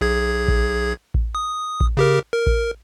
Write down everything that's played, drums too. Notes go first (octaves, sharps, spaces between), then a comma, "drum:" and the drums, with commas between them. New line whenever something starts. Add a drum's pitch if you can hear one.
B1 G#4 G#6
drum: kick A1
drum: kick A1
D#6
drum: kick A1
C#3 G4 A#4
A#4
drum: kick A1